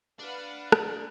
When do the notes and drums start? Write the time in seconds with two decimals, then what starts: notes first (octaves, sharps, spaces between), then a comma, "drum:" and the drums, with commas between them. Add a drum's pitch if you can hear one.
0.19 D4 B4 F5 F#5
0.72 drum: rim click